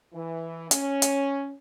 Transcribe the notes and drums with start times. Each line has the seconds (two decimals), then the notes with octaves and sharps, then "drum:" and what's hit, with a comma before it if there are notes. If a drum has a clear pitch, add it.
0.13 E3
0.71 C#4, drum: hi-hat
1.02 drum: hi-hat